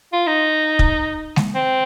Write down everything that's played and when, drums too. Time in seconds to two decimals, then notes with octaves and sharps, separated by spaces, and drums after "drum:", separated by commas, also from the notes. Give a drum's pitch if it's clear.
0.13 F4
0.27 D#4
0.79 drum: kick
1.36 drum: snare G#3
1.55 C4